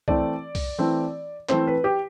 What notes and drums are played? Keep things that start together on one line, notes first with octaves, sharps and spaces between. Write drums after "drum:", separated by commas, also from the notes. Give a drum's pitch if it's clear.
E3 A3 C4 D5, drum: kick C2
drum: kick C2, open hi-hat
E3 A3 C4
E3 A3 C4 C5, drum: clap
B4
G4